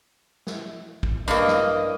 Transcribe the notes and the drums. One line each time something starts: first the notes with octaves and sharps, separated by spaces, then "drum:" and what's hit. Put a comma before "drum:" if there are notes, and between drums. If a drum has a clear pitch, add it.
drum: snare
drum: kick
G2 A#3 D#5, drum: tambourine
drum: snare